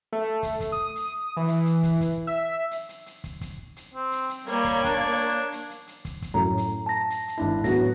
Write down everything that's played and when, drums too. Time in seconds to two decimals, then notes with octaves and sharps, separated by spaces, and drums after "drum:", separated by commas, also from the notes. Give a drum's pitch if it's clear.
0.12 A3
0.43 drum: kick, hi-hat
0.60 drum: kick, hi-hat
0.72 D#6
0.95 drum: hi-hat
1.37 E3
1.48 drum: hi-hat
1.66 drum: hi-hat
1.83 drum: kick, hi-hat
2.01 drum: kick, hi-hat
2.27 E5
2.71 drum: hi-hat
2.89 drum: hi-hat
3.06 drum: hi-hat
3.24 drum: kick, hi-hat
3.41 drum: kick, hi-hat
3.76 drum: hi-hat
3.94 C4
4.12 drum: hi-hat
4.29 drum: hi-hat
4.47 G3 A#3 C#5 G#6, drum: hi-hat
4.64 drum: kick, hi-hat
4.84 D4, drum: kick, hi-hat
5.17 drum: hi-hat
5.52 drum: hi-hat
5.70 drum: hi-hat
5.87 drum: hi-hat
6.05 drum: kick, hi-hat
6.22 drum: kick, hi-hat
6.34 F#2 A2 A#5
6.57 drum: hi-hat
6.86 A5 A#6
7.10 drum: hi-hat
7.28 drum: hi-hat
7.37 G#1 D4 E4
7.64 A2 F#3 B3 F#4 A#6, drum: kick, hi-hat